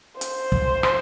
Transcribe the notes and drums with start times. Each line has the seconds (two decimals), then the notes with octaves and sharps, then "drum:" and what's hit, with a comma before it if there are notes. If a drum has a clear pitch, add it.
0.21 C5, drum: hi-hat
0.52 drum: kick
0.83 drum: rim click